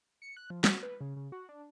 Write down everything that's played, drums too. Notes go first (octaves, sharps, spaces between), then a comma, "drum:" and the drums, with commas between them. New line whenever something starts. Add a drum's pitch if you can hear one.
C#7
F#6
F3
F#4, drum: snare
B4
C#3
C#3
F#4
D4